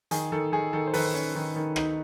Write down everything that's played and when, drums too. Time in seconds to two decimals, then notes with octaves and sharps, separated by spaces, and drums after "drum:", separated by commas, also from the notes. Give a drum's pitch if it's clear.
0.11 D#3 G#4, drum: hi-hat
0.32 D#3 A4
0.52 D#3 G#4
0.73 D#3 A4
0.87 C5
0.94 D#3 A4 B4, drum: open hi-hat
1.14 C#4
1.35 D#3
1.56 D#3
1.76 D#4, drum: rim click